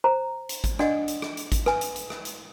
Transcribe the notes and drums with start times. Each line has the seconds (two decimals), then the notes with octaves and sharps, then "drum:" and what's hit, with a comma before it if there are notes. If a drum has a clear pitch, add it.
0.04 C5 A#5
0.49 drum: hi-hat
0.64 drum: kick G#1, hi-hat
0.79 D4 D5 D#5 F#5, drum: rim click
1.08 drum: hi-hat
1.22 drum: rim click
1.37 drum: hi-hat
1.52 drum: kick G#1, hi-hat
1.66 B4 G#5, drum: rim click
1.81 drum: hi-hat
1.96 drum: hi-hat
2.10 drum: rim click
2.25 drum: hi-hat